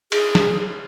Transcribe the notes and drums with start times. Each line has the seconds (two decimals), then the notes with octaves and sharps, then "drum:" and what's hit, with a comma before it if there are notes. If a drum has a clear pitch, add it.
0.12 G#4, drum: cymbal
0.35 drum: snare